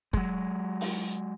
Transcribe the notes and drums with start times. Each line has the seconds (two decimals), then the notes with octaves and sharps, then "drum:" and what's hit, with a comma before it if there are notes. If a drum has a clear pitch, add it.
0.13 F#3 G#3, drum: kick
0.81 drum: open hi-hat